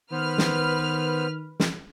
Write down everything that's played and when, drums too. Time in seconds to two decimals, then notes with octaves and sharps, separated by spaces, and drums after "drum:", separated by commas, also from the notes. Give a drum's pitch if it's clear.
0.12 D#3 B3 B4 C5 F6
0.38 drum: snare
1.60 drum: snare